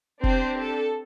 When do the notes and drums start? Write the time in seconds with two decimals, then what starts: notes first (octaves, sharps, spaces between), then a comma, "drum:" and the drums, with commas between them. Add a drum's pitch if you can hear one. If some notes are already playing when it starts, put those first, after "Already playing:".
0.23 C4 D4 G4 C5, drum: kick
0.59 A4